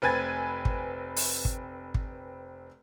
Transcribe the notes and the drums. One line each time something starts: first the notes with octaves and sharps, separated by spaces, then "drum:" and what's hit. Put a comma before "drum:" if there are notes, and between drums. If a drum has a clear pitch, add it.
F1 C4 B4 G#5 G#6 A6
drum: kick
drum: open hi-hat
drum: kick
drum: kick